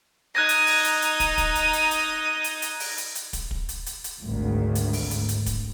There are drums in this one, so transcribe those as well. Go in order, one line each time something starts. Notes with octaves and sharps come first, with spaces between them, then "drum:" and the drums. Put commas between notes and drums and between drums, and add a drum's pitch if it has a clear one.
D#4 D#6 F#6 G#6 A#6
drum: hi-hat
drum: open hi-hat
drum: hi-hat
drum: hi-hat
drum: kick, hi-hat
drum: kick, hi-hat
drum: hi-hat
drum: hi-hat
drum: hi-hat
drum: hi-hat
drum: hi-hat
drum: open hi-hat
drum: hi-hat
drum: hi-hat
drum: kick, hi-hat
drum: kick
drum: hi-hat
drum: hi-hat
drum: hi-hat
G#1 D2
drum: hi-hat
drum: open hi-hat
drum: hi-hat
drum: hi-hat
drum: kick, hi-hat